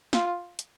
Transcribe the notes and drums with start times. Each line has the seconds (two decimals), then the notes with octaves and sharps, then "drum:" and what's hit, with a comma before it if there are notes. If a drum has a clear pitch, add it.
0.13 F4, drum: snare
0.59 drum: hi-hat